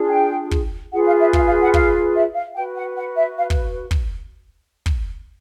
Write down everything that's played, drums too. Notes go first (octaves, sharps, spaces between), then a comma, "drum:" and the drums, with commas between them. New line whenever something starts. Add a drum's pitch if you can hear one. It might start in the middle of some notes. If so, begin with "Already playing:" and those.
Already playing: D4 F4 G#4
G5
drum: kick
F4 G#4 B4 F#5
F5
E5
F5, drum: kick
F5
F#5
F5, drum: kick
E5
F5
F#4 B4 G5
F#5
F#5
E5
F5
drum: kick
drum: kick
drum: kick